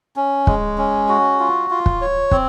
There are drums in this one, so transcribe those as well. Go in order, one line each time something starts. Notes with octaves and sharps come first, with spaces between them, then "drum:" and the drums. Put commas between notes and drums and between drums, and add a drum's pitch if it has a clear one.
C#4
G#3, drum: kick
C#4
F#4
F4
F4
drum: kick
C#5
C4, drum: kick